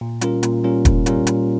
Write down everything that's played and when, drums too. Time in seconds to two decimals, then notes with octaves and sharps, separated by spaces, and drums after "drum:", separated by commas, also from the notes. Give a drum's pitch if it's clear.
0.01 A#2
0.21 G3 C#4 F4 A#4, drum: hi-hat
0.43 A#2, drum: hi-hat
0.64 G3 C#4 F4 A#4
0.85 A#2, drum: kick E1, hi-hat
1.06 G3 C#4 F4 A#4, drum: hi-hat
1.27 A#2, drum: hi-hat